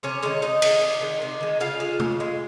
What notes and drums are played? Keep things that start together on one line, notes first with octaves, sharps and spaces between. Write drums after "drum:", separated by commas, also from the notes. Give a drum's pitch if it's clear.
C3 C#4 C#5
D#3 G#3 C#4 C#5
C3 D#4 D#5
D#3 G#3, drum: cymbal
C3
D#3 G#3
C3
D#3 G#3
C#3 F4 F5
G#3
C#3, drum: tom C3
G#3